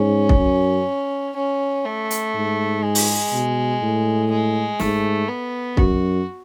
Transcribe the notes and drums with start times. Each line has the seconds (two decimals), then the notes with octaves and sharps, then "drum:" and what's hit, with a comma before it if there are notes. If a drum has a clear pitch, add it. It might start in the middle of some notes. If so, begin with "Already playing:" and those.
Already playing: G#2 C#4
0.29 drum: kick
0.38 F#2
1.36 C#4
1.85 A3
2.11 drum: hi-hat
2.35 G#2
2.84 G#3
2.95 drum: open hi-hat
3.32 B2
3.82 A2
4.31 G#3
4.80 G#2 A3, drum: snare
5.29 B3
5.77 F#2 F#4, drum: kick